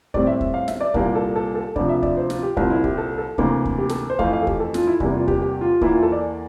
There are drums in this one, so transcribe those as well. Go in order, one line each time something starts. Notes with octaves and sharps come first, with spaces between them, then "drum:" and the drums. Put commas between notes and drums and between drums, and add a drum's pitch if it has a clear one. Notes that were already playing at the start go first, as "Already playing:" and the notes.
A2 G3 C4 D5, drum: kick
E5
drum: kick
F5
E5, drum: snare
D5
C2 A#2 G3 A#3 A#4, drum: kick
A4
A4
A4
D2 C3 F3 D5, drum: kick
E5
D5, drum: kick
C5
F4, drum: snare
G4
C2 A#2 G3 C4 F4, drum: kick
E4
G4, drum: kick
A4
A4
D2 C3 E3 A#3, drum: kick
drum: kick
G4
A4, drum: snare
C5
F2 E3 A3 F5, drum: kick
F5
A4
G4, drum: kick
A4
F4, drum: snare
E4
E2 C3 G3 A#3 E4, drum: kick
F4
G4, drum: kick
G4
F4
E2 E3 A#3 E4, drum: kick
F4
A4
D5